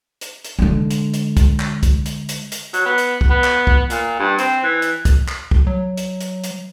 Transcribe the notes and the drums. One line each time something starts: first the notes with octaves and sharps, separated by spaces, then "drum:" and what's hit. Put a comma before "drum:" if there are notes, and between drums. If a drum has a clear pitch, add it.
drum: hi-hat
drum: hi-hat
D3 G#3
drum: hi-hat
drum: hi-hat
drum: kick C2, hi-hat
drum: clap
drum: kick C2, hi-hat
drum: hi-hat
drum: hi-hat
drum: hi-hat
F#3, drum: hi-hat
B3
drum: hi-hat
drum: kick C2
B3
drum: clap
drum: kick C2
A#2, drum: hi-hat
G2
C4, drum: hi-hat
E3
drum: hi-hat
drum: kick C2, hi-hat
drum: clap
drum: kick C2
F#3
drum: hi-hat
drum: hi-hat
drum: hi-hat